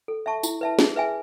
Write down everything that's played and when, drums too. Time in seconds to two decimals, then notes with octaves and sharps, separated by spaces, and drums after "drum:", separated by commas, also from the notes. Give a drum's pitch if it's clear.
0.08 A4
0.26 E5 A5 C#6
0.43 E4, drum: tambourine
0.61 B4 E5 A5
0.79 G#4, drum: snare
0.96 B4 E5 G#5